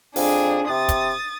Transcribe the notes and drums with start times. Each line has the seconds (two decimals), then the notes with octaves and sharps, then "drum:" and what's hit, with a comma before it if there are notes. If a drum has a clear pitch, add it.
0.16 F2 D4 G#4, drum: open hi-hat
0.69 C3 D#6 A6
0.89 drum: kick, hi-hat